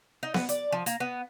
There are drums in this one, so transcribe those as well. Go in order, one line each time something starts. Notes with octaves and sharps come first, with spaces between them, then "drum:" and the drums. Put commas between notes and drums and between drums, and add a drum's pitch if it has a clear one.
D#4
B3, drum: snare B3
D5, drum: hi-hat
F3
A#3, drum: hi-hat
B3